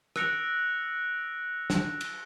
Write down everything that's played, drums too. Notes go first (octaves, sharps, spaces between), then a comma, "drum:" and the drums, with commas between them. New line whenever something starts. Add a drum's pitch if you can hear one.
E6 F#6 A#6 C#7 D7 F7, drum: rim click
drum: snare
drum: cymbal